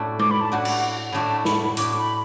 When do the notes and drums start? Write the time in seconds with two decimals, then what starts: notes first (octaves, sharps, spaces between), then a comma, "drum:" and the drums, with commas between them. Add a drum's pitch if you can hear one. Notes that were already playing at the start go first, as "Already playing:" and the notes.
Already playing: A2 A3 D4 F#4
0.19 D6, drum: tom G#3
0.30 B5
0.41 A5
0.52 A2 A3 D4 F#4 F#5
0.65 drum: cymbal
1.12 A2 A3 D4 F#4 A5
1.45 B5, drum: snare
1.77 A2 A3 D4 F#4 D6, drum: hi-hat
1.98 B5